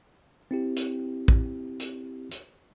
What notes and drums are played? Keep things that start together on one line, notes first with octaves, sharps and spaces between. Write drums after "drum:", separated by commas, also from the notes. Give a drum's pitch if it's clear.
C4 E4 G4
drum: hi-hat
drum: kick A1
drum: hi-hat
drum: hi-hat